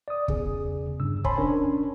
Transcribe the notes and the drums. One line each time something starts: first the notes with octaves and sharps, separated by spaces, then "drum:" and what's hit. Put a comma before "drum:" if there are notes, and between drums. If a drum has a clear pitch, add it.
D5 D#6
E2 C#3 G#4, drum: kick
G2 C#3 E6
C5 C#5 G#5 A5 B5 C6, drum: kick
C#4 D4 A#4 C#5